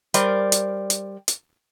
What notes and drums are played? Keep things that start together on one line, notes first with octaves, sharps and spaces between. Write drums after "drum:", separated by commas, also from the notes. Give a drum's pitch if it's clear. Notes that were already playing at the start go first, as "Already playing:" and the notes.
G3 A#4 C5 D5, drum: hi-hat
drum: hi-hat
drum: hi-hat
drum: hi-hat